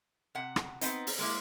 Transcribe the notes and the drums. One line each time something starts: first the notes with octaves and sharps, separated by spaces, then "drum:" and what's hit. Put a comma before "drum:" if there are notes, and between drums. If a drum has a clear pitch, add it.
C3 F#5
drum: rim click
B3 C4 D#4, drum: hi-hat
drum: open hi-hat
G#3 A#3 E4